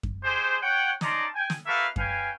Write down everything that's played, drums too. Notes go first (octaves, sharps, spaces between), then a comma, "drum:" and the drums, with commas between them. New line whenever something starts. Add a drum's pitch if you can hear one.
drum: kick F#2
G#3 G4 G#4 C5
C#5 F#5 G5
C#4 D#4 D5 A5 A#5 C6, drum: snare
G5 G#5
drum: snare
A#3 F#4 A4 B4 E5 F5
C#4 B4 F5 G5 G#5, drum: kick F#2